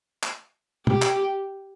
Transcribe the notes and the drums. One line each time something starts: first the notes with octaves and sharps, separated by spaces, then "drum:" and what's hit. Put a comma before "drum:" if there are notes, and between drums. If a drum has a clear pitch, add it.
drum: clap
G4, drum: tom
drum: clap